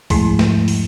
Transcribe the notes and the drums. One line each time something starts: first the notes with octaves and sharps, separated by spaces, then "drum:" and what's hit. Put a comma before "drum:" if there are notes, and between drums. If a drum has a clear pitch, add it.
E2 G#2 F3 G#3 A3, drum: kick C2, open hi-hat
drum: snare
drum: open hi-hat